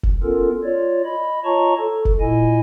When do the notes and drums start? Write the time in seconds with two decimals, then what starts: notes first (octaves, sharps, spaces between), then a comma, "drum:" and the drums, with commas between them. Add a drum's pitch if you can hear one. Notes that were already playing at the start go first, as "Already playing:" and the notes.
0.03 drum: kick
0.23 B3 C#4 F4 A4 A#4
0.64 F4 C#5 D5
1.05 D#5 B5
1.45 F4 C#5 D#5 A5 A#5 C#6
1.79 A4
2.05 drum: kick
2.20 A#2 E4 D#5 G#5